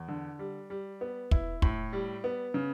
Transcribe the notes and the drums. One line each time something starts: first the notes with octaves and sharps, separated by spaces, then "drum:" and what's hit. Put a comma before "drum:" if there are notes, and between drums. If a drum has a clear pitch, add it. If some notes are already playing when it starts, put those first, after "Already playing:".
Already playing: E2
D3
G3
G3
B3
E4, drum: kick
A2, drum: kick
G3
B3
C#3